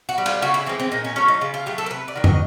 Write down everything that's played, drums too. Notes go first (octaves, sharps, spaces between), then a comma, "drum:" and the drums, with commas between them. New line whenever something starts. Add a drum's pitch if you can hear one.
F#4
G3
F4, drum: cymbal
C#3 F#4
E4
E3 G#3 C4
C4
A#2 D#4
C#4
F#3 A3 C#4
D#4
C#3 F4
F4
F#3 A3 G4
A4
A#4
C3 B4
D5
D#3 F#3
D#5, drum: tom